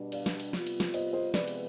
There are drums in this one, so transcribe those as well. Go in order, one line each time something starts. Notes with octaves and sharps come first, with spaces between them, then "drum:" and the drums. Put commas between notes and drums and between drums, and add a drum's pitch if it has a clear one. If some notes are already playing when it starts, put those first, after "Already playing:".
Already playing: B2 G3 D4
D5 F5, drum: cymbal
drum: snare
drum: cymbal
C3 G3 B3 F4, drum: snare
drum: cymbal
drum: snare
C5 D#5, drum: cymbal
C5 D#5
C3 F3 G#3 B3 B4 D5, drum: snare
drum: cymbal